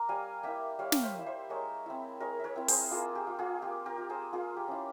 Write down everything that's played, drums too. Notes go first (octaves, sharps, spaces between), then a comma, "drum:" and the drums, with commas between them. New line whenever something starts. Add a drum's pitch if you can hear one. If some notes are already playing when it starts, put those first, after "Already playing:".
Already playing: A#3 A#5
G3 F5 G#5
A#3 E4 E5 G5
G3 C#5 F5
drum: snare
C5 E5
A#3 E4
C5 E5
G#3 A#4 C#5
C4 E4
G#3 A#4 C#5
A#4 C#5 E5
C4 E4
G#4 C5, drum: open hi-hat
A#3 F4 G#4
G4
F4
F4 G#4
A#3 G4
G4 A#4
F4
G#4 C5
A#3 F4 G#4
G4
C#4 E4